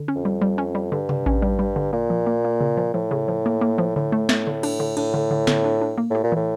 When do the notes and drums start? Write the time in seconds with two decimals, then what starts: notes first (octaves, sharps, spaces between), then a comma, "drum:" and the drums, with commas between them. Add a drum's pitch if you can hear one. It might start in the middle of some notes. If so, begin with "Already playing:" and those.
Already playing: D3
0.08 C#4
0.16 F2
0.25 G3
0.42 G3
0.58 C#4
0.75 G3
0.92 G2 D3
1.09 D3, drum: tom C3
1.26 C#4, drum: kick A1
1.42 G3
1.59 G3
1.76 D3
1.93 A#2 A#3
2.10 F3
2.26 A#3
2.45 A#3
2.61 C#3
2.77 F3
2.94 A2 F3
3.11 C#3
3.28 F3
3.46 A#3
3.61 A#3
3.78 F3
3.96 A2 D3
4.12 A3
4.29 A3, drum: snare
4.47 D3
4.63 D4, drum: cymbal
4.80 D3
4.97 A2 D4, drum: cymbal
5.14 D3
5.31 D3
5.47 D3, drum: snare
5.64 D4
5.81 D4
5.98 A#3
6.11 A2 G4
6.23 A#2
6.32 A2 E3